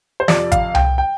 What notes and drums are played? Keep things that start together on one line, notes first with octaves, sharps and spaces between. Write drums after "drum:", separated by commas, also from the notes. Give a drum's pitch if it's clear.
C5
F2 C3 F3 D5, drum: snare
F5, drum: kick G#1, hi-hat
G5, drum: tom C2
G5